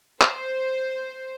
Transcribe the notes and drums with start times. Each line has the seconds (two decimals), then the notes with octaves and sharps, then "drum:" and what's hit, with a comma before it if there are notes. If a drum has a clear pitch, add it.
0.21 C5, drum: clap